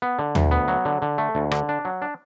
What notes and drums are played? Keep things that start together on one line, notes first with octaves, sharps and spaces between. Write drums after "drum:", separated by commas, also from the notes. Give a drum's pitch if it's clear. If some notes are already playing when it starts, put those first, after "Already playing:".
B3
D3
D2, drum: tom D#2
B3
F#3
D3
D3
A3
D2
D3, drum: rim click
D4
F#3
D4